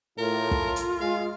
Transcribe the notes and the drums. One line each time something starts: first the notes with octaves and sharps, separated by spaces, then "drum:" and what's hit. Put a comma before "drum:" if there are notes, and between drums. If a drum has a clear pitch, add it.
A2 F4 A#4
drum: kick
drum: hi-hat
G#3 F5